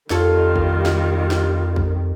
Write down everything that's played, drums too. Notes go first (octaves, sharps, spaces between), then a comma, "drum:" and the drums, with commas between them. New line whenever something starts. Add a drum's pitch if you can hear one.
F2 D#3 G3 F4 A4 C#5, drum: snare
drum: kick
drum: snare
drum: snare
drum: kick